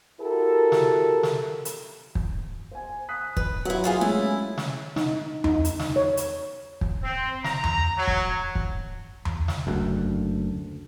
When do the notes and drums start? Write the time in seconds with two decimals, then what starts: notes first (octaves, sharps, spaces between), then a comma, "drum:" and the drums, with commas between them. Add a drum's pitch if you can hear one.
0.20 E4 F#4 G4 A4 A#4
0.72 drum: snare
1.23 drum: snare
1.65 drum: hi-hat
2.15 drum: kick
2.71 C5 G#5
3.09 D#6 F#6 B6
3.37 B4, drum: kick
3.65 F#3 E4 F#5
3.84 A#3 F4 G#4
4.01 G#3 A3 C#4 E4
4.58 drum: snare
4.96 D#4, drum: snare
5.44 D#4, drum: tom E2
5.65 drum: hi-hat
5.79 drum: snare
5.96 C#5
6.17 drum: hi-hat
6.81 drum: kick
7.02 C4
7.44 A#5, drum: snare
7.64 drum: tom E2
7.96 F#3
8.07 drum: kick
8.55 drum: kick
9.25 drum: tom E2
9.48 drum: snare
9.67 F#1 D2